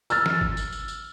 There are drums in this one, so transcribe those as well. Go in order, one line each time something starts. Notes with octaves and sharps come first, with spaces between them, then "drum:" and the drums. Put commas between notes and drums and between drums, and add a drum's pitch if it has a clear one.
E6 F6 A6, drum: tambourine
drum: snare
drum: kick G1
drum: tambourine
drum: tambourine
drum: tambourine